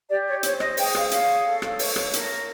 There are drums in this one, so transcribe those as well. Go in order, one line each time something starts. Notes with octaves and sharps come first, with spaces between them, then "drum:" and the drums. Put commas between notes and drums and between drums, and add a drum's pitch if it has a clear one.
G4 D5
C#5
C5 C#5, drum: hi-hat
D#5, drum: rim click
G#4 G5, drum: open hi-hat
F5, drum: rim click
C#5 F5, drum: hi-hat
A4
drum: rim click
C#5, drum: open hi-hat
drum: rim click
A#4, drum: hi-hat